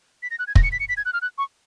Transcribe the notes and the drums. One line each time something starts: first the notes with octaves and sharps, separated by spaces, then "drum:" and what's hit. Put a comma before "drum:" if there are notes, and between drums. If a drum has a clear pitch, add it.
B6
A#6
F#6
G#6
A#6, drum: kick
C#7
B6
C#7
B6
G#6
F#6
F6
F#6
C#6